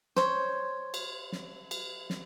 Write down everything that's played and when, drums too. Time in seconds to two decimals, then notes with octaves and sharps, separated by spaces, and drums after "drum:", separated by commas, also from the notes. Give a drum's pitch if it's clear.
0.16 C5 C#5, drum: snare
0.94 drum: cymbal
1.32 drum: snare
1.71 drum: cymbal
2.10 drum: snare